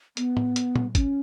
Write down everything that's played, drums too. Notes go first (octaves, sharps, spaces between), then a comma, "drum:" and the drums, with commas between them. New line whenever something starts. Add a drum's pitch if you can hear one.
B3, drum: hi-hat
drum: tom A2
drum: hi-hat
drum: tom A#2
C#4, drum: kick, hi-hat